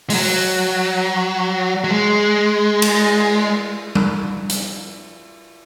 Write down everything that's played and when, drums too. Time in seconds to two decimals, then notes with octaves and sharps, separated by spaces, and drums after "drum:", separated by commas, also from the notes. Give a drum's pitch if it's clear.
0.10 G#3, drum: open hi-hat
0.14 F#3
1.84 F#3
1.90 G#3
2.82 drum: cymbal
3.95 drum: tom G3
4.50 drum: hi-hat